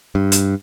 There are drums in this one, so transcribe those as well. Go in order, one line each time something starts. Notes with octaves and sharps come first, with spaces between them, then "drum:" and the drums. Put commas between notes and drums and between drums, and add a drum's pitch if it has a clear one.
G2
drum: hi-hat